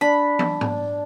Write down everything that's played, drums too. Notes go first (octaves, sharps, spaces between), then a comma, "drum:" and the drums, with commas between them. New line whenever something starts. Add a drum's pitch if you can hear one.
D4 B5
drum: tom
drum: tom